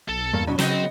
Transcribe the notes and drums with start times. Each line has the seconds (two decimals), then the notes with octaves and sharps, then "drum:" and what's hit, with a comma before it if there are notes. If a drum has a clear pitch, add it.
0.09 B1 A4
0.33 E2 G2 A#3
0.47 F#2 B2 F#3 C#4
0.59 C#3 F#3 B3 C4 D#5 G5, drum: snare